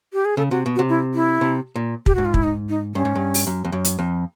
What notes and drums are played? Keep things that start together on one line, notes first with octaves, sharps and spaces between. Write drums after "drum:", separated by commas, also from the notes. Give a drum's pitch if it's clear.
G4
G#4
C#3 A4
C3 F#4
B2
F#4
C3
E4
E4
C3
A#2
G4, drum: kick
G#2 F#4
F4
E4, drum: kick
D#4
D#4
G2 C#4
G#2
G2
drum: open hi-hat
F#2
F2
F#2
drum: hi-hat
F2